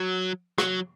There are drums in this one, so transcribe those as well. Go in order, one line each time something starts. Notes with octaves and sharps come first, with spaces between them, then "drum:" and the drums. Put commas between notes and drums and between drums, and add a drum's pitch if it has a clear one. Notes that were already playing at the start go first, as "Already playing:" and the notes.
Already playing: F#3
F#3, drum: rim click